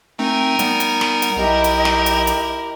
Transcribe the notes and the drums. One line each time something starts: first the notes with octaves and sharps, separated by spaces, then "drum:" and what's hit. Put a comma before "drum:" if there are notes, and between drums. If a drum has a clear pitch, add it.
A3 C4 D#4 A#4 G#5
G3 B3 D#4, drum: hi-hat
drum: hi-hat
drum: snare
drum: hi-hat
B1 E4 G4 A#4 D#5
drum: hi-hat
drum: snare
drum: hi-hat
drum: hi-hat